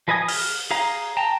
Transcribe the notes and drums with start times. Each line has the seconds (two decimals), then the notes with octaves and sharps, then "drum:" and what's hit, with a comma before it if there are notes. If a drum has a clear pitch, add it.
0.08 F3 B4 D#5 G#5 D#6
0.28 F6, drum: open hi-hat
0.71 G#4 C#5 F5 A#5
1.17 G5 A5 A#5